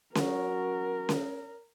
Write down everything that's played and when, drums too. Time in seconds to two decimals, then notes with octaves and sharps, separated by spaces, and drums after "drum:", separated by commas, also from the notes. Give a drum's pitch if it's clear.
0.15 F#3 C#4 F#4 A#4, drum: snare C#4
1.09 drum: snare C#4